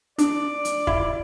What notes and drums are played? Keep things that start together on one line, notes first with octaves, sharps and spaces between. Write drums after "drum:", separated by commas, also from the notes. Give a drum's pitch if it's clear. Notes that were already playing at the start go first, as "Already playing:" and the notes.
D4 D5, drum: hi-hat
drum: hi-hat
E4, drum: kick